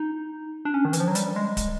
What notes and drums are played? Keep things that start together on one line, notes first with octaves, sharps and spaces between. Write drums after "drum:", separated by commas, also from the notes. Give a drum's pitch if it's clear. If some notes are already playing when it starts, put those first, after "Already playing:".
Already playing: D#4
D4
C#4
D#3
E3, drum: hi-hat
F3
F#3
G3, drum: hi-hat
G#3
drum: kick, hi-hat